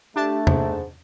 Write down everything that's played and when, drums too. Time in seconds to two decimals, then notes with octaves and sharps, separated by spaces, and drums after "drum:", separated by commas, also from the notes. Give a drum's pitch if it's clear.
0.16 A3 D4 G4 A5
0.47 G#2, drum: tom